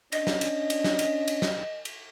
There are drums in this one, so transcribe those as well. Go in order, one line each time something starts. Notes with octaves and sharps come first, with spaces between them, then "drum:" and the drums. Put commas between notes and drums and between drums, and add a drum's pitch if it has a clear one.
C#4 D4 D#5, drum: cymbal
drum: snare
drum: cymbal
drum: cymbal
drum: snare
drum: cymbal
drum: cymbal
drum: snare
drum: cymbal